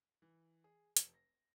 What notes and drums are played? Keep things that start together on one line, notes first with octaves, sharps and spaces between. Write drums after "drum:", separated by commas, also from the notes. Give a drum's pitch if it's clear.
E3
G#4
F1, drum: hi-hat
A#6